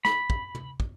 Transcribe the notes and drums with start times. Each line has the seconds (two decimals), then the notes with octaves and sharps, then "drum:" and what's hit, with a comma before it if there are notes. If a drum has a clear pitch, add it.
0.05 B5, drum: snare
0.30 drum: kick
0.55 drum: tom
0.80 drum: kick